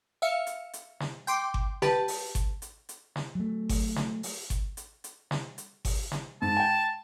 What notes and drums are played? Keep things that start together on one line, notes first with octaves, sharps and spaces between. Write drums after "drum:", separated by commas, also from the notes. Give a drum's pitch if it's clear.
E5 F5 C#7
drum: hi-hat
drum: hi-hat
drum: snare
G5 C6 D6, drum: hi-hat
drum: kick G1
G4 B4 A5, drum: snare
drum: open hi-hat
drum: kick G1, hi-hat
drum: hi-hat
drum: hi-hat
drum: snare
F#3 A3
drum: kick G1, open hi-hat
drum: snare
drum: open hi-hat
drum: kick G1, hi-hat
drum: hi-hat
drum: hi-hat
drum: snare
drum: hi-hat
drum: kick G1, open hi-hat
drum: snare
G#2 A5
G5 G#5